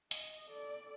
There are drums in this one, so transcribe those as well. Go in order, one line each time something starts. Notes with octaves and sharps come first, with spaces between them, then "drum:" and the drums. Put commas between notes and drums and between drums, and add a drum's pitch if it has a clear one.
D#5, drum: hi-hat
A4 D5